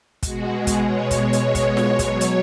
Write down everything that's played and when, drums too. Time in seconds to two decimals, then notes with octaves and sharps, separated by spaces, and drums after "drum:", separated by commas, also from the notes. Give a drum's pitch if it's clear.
0.23 B2 G#3 F#4, drum: kick, hi-hat
0.53 G#4
0.67 drum: kick, hi-hat
0.81 C#5
1.11 C#5, drum: kick, hi-hat
1.33 drum: hi-hat
1.55 drum: kick, hi-hat
1.77 drum: snare F4
1.99 B2 F#3, drum: kick, hi-hat
2.21 drum: hi-hat